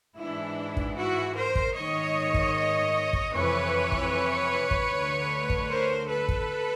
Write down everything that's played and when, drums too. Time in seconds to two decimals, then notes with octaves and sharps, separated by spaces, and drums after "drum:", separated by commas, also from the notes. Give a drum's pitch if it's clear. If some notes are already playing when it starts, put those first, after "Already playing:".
0.17 G#2 E3 D4 E4
0.77 drum: kick
0.96 E4 F#4
1.36 A#4 C5
1.55 drum: kick
1.75 G#2 D#3 C#5 D#5
2.34 drum: kick
3.13 drum: kick
3.33 F2 C3 E3 B4 C#5
3.92 drum: kick
4.71 drum: kick
4.91 D2 D3
5.50 drum: kick
5.69 A#4 C5
6.09 A4 B4
6.28 drum: kick